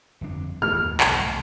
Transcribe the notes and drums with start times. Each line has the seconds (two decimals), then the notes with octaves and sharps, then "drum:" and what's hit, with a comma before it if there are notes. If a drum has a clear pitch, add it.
0.21 G1 F2 D4
0.62 D#1 F#2 B3 F6
0.76 D#2
1.01 B1 E2, drum: clap
1.18 C2 G#2 A3